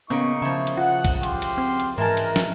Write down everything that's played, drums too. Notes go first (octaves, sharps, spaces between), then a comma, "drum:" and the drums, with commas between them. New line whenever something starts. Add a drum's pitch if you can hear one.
C#3 A#3 B3 D#4 C#6
C#3 F3 E4
drum: cymbal
F4 F#5
drum: kick, cymbal
G4 F5 C6, drum: cymbal
drum: cymbal
C4
drum: cymbal
G#2 E3 G#3 A#4 A5
drum: cymbal
drum: snare